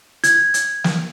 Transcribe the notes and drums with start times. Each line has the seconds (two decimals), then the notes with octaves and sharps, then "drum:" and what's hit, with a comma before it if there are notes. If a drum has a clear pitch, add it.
0.24 G#6, drum: hi-hat
0.54 drum: hi-hat
0.84 drum: snare